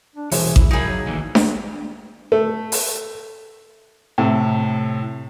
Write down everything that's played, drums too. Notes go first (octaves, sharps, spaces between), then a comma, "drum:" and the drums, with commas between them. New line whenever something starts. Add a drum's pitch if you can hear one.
D4
E1 C2 E3 G#4 C5, drum: open hi-hat
E4, drum: kick A1
F3 F#3 D#4 G#4 A#4 E5 B5
C#5
D#2 D3 E3
drum: snare D4
A3
drum: open hi-hat
A2 C3